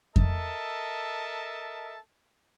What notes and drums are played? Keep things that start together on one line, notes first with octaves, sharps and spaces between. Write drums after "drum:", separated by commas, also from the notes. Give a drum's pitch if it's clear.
A4 A#4 D#5 E5 A5, drum: kick F2